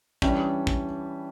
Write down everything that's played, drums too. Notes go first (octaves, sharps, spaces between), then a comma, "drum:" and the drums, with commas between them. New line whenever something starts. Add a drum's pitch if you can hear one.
E3 G3 C#4 D4, drum: kick
drum: kick